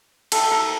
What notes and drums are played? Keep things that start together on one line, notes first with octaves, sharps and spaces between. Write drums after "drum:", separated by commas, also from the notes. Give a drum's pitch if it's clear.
A4, drum: cymbal
A#4